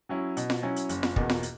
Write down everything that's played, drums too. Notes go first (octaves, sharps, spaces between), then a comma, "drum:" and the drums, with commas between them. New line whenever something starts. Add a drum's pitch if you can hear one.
F#3 C#4 E4
B2, drum: hi-hat
drum: snare F4
F#3 C#4 E4
drum: hi-hat
F#1, drum: hi-hat
drum: snare F4
E2 B2 A#3, drum: kick
drum: snare F4
drum: hi-hat